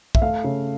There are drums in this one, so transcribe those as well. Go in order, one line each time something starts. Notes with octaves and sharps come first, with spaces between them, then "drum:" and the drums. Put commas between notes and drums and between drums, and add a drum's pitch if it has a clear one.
E5, drum: kick
A3 F5
C#3